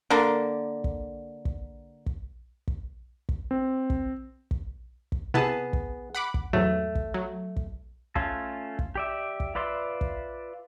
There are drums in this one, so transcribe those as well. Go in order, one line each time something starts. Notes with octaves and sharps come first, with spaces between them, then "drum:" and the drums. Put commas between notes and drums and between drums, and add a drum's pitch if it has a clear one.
D3 A#3
drum: kick
drum: kick
drum: kick
drum: kick
drum: kick
C4
drum: kick
drum: kick
drum: kick
C3 B3 E4 G#4 A5
drum: kick
F#5 B5 D6
drum: kick
E2 G#2 F#3 A3
drum: kick
F#3
drum: kick
A3 C#4 F4 A4, drum: kick
drum: kick
G4 D5 E5
drum: kick
F4 B4 D5 E5 C6
drum: kick